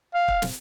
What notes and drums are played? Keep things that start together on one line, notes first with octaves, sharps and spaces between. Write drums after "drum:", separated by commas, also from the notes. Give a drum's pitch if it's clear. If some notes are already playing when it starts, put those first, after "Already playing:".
F5
drum: kick
drum: snare